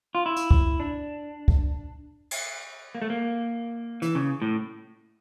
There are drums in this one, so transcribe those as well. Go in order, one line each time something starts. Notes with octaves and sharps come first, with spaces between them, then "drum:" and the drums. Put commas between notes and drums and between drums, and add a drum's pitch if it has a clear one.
F4
E4
drum: hi-hat
drum: kick
D4
drum: kick
drum: cymbal
A#3
A3
A#3
E3, drum: hi-hat
C#3
A2